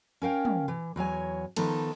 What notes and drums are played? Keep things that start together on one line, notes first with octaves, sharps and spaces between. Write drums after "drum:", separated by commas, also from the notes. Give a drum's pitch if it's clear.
C#4 A#4 F5 G5
drum: tom
E3
E2 F#3 C#5 G#5
D#3 F3 B3 D#4 A4, drum: cymbal